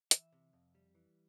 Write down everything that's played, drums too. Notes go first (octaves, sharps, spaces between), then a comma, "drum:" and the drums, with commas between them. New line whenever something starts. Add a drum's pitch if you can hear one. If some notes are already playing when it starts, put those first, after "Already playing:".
E3 E5, drum: hi-hat
C3
F2
G3
E3